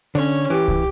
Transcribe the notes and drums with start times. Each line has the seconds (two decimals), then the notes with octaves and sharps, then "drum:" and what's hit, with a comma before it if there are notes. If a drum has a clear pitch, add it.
0.15 D3 C#4 C#5
0.50 E3 G4
0.68 drum: kick